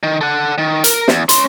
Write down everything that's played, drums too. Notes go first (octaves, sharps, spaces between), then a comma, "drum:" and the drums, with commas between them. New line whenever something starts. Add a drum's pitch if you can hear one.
D#3
A4 F#5
D#3
A#4, drum: hi-hat
E2, drum: snare
C#4 C6, drum: hi-hat